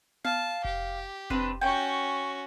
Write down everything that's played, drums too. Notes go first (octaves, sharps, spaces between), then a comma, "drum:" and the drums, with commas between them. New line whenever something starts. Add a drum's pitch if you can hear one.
F5 A5, drum: tom B3
G4, drum: kick F1
C4 D4 B4, drum: kick F1
C#4 F#4 G5